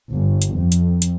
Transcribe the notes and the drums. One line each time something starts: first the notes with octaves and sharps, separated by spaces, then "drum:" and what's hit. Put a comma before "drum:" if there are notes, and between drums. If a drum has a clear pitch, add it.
G1
drum: hi-hat
F2
drum: hi-hat
drum: hi-hat